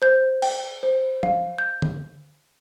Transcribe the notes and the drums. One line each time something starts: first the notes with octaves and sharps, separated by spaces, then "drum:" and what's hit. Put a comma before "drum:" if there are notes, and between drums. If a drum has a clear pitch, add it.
C5 G6
G5, drum: cymbal
C5
F5, drum: tom
G6
drum: tom D3